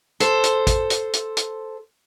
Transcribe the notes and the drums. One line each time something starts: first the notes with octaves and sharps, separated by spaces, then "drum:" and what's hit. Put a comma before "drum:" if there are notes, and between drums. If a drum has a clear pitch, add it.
A4 C5, drum: hi-hat
drum: hi-hat
drum: kick, hi-hat
drum: hi-hat
drum: hi-hat
drum: hi-hat